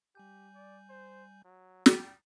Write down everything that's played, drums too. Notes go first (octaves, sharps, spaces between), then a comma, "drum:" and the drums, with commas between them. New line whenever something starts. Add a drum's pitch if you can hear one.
G3 G4 G#5 G6
D5
C5
F#3
G5, drum: snare